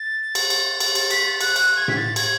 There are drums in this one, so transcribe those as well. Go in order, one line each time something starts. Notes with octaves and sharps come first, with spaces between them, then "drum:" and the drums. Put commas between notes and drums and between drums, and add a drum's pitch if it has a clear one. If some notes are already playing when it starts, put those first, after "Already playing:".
Already playing: A6
drum: cymbal
drum: cymbal
drum: cymbal
A6, drum: cymbal
B6, drum: cymbal
A6
F#6, drum: cymbal
F#6, drum: cymbal
G#6
B6, drum: tom A2
A6
G#6, drum: cymbal